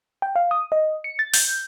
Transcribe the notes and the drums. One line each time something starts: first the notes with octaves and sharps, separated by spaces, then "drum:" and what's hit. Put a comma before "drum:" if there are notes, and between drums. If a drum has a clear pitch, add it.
G5
F5
D#6
D#5
C#7
A6
G6, drum: open hi-hat